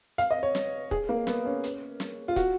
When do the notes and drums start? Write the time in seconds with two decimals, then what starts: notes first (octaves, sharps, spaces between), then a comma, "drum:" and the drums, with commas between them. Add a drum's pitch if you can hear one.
0.18 F5, drum: hi-hat
0.31 D#5
0.43 C#5
0.55 drum: snare
0.91 G#4, drum: kick
1.09 A#3
1.27 B3, drum: snare
1.46 C#4
1.64 drum: hi-hat
2.00 drum: snare
2.28 F4
2.36 F#4, drum: kick, hi-hat